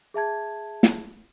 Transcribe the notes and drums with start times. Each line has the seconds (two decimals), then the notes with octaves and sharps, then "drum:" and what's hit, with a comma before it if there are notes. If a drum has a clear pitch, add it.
0.14 G#4 E5 A5 G#6
0.83 drum: snare